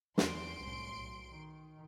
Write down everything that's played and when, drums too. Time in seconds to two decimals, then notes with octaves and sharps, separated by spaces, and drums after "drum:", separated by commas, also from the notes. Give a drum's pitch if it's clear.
0.18 E2 C6 D7, drum: snare
0.62 C2 A2
0.97 B1
1.29 D#3